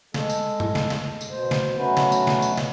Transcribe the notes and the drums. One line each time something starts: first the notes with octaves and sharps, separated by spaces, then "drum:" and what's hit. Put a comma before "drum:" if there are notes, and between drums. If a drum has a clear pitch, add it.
G#3 A4, drum: snare
drum: tambourine
drum: tom G2
drum: snare
drum: snare
drum: tambourine
B2 C5
drum: snare
B2 F#3 A3 C#4 F#4 B4
drum: snare
drum: tambourine
drum: snare
drum: tambourine
drum: snare